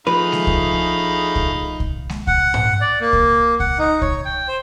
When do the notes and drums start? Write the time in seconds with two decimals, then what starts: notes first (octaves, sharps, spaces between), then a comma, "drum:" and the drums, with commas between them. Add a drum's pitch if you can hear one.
0.07 F3 A3 D#4 G#4 B4 F5 B5
0.32 drum: snare G#3
0.47 drum: kick C2
1.36 drum: kick C2
1.80 drum: kick C2
2.09 drum: snare G#3
2.27 F#5, drum: kick C2
2.54 drum: tom G#2
2.81 D5
3.01 A#3
3.13 drum: kick C2
3.60 F#5, drum: kick C2
3.79 D#4
4.02 C#5, drum: kick C2
4.25 G5
4.48 C5